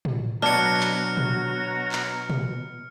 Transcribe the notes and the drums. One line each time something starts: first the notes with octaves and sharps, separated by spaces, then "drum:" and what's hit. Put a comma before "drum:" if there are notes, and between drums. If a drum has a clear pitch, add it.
drum: tom
B2 F#3 D4 F#4 C#5 A#5 F6 C#7
drum: clap
drum: tom A#2
drum: clap
drum: tom A#2